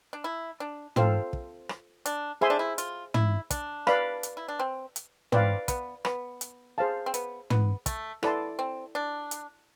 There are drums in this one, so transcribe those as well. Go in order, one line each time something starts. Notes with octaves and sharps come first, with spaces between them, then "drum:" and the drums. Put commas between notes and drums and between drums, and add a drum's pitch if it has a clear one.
D4
E4
D4
C4 F4 A4 C5 F5, drum: tom
drum: kick
drum: rim click
D4, drum: hi-hat
E4 G#4 C5 E5 G#5 C6
D4
E4
F4, drum: hi-hat
E4, drum: tom
D4, drum: kick, hi-hat
B4 D5 F5 B5, drum: rim click
drum: hi-hat
E4
D4
C4
drum: hi-hat
C4 B4 D5 F5, drum: tom
B3, drum: kick, hi-hat
B3, drum: rim click
drum: hi-hat
G#4 C5 F5 A5
C4
B3, drum: hi-hat
B3, drum: tom
A3, drum: kick, hi-hat
B3 E4 A4 D5 A5 C6, drum: rim click
C4
D4
drum: hi-hat